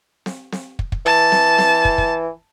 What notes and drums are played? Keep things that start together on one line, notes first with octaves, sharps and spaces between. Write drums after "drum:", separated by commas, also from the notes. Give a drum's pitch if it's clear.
drum: snare C4
drum: snare C4
drum: kick
drum: kick
E3 A5
drum: snare C4
drum: snare C4
drum: kick
drum: kick